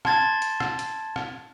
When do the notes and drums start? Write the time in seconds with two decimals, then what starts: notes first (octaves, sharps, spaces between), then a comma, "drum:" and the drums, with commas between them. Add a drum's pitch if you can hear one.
0.05 A5 C6 G#6 A6, drum: rim click
0.42 drum: hi-hat
0.60 drum: rim click
0.79 drum: hi-hat
1.16 drum: rim click